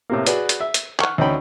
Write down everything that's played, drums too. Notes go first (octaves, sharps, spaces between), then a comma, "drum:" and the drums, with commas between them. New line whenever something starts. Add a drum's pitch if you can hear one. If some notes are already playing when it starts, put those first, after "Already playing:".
A2 C3 A#3
F#4 G#4 B4 D5, drum: hi-hat
drum: hi-hat
E5
drum: hi-hat
F#5 C#6 F6 F#6, drum: clap
D2 C#4 D#4 D5 G5 B5